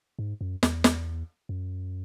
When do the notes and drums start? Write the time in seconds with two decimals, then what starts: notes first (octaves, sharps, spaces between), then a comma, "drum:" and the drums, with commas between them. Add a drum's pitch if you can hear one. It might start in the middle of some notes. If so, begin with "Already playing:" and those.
0.19 G#2
0.41 F#2
0.63 E2, drum: snare
0.84 drum: snare
1.49 F#2